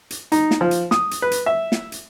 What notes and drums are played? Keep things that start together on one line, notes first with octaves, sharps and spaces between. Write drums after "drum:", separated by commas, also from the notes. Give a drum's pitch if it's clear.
drum: hi-hat
D#4, drum: hi-hat
drum: snare
F3
drum: hi-hat
D#6, drum: snare
drum: hi-hat
B4
drum: hi-hat
E5
drum: snare
drum: hi-hat